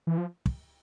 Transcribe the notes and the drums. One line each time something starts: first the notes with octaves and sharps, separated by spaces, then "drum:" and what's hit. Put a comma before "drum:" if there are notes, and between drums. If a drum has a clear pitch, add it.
E3
F3
drum: kick